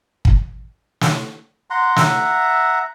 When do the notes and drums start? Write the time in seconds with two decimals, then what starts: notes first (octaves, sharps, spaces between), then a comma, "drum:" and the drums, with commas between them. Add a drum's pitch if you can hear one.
0.25 drum: kick
1.01 drum: snare
1.70 F#5 A#5 C6
1.96 E5 F#5 A#5, drum: snare